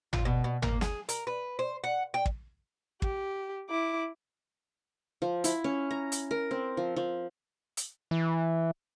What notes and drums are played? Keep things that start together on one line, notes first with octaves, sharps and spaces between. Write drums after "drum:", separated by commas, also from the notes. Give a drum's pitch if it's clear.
F4, drum: tom G#1
B2
B2
A#3, drum: tom G#1
G#4, drum: snare
A#4, drum: hi-hat
B4
C5
F#5
G5
drum: kick
G4, drum: kick
E4 D6
F3
E4, drum: hi-hat
C#4
A#5
drum: hi-hat
A#4
C4
F3
F3
drum: hi-hat
E3